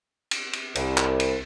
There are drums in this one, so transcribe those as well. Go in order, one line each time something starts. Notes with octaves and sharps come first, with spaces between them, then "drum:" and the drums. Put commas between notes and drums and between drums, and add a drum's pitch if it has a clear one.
drum: cymbal
drum: cymbal
C2, drum: cymbal
drum: clap
drum: cymbal